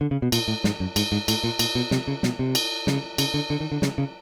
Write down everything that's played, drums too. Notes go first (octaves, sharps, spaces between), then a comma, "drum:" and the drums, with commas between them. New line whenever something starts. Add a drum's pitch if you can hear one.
D3
C#3
B2
A#2, drum: cymbal
A2
G#2, drum: snare
F#2
G#2, drum: cymbal
G#2
A2, drum: cymbal
A#2
A#2, drum: cymbal
B2
C3, drum: snare
C#3
B2, drum: snare
C3
drum: cymbal
C#3, drum: snare
C#3, drum: cymbal
D3
D3
D#3
D3
C#3, drum: snare
C#3